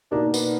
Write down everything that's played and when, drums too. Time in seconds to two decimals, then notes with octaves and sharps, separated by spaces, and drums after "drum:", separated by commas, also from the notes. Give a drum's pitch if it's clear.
0.11 B2 A#3 D4 D#4 A#4 D5
0.34 B3, drum: tambourine